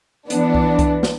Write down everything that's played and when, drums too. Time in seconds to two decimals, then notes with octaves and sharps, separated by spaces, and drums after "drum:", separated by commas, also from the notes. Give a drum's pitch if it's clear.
0.30 E3 B3 D4, drum: hi-hat
0.55 drum: kick C2
0.79 drum: kick C2, hi-hat
1.03 drum: snare